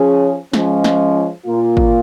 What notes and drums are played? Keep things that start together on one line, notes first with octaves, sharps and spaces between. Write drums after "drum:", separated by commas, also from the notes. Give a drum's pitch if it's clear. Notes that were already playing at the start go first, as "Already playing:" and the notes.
Already playing: F3 C#4 G#4
F3 G#3 C#4, drum: snare
drum: snare
A#2 A#3 F4
drum: kick G#1